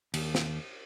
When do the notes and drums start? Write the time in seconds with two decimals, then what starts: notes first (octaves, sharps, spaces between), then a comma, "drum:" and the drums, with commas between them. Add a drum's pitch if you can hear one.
0.14 D#2, drum: cymbal
0.35 drum: snare